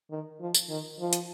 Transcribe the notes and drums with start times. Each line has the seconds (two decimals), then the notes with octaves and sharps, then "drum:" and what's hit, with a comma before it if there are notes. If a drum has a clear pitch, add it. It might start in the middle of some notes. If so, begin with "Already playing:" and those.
0.10 D#3
0.41 F3
0.54 drum: tambourine
0.69 D#3
1.00 F3
1.13 drum: hi-hat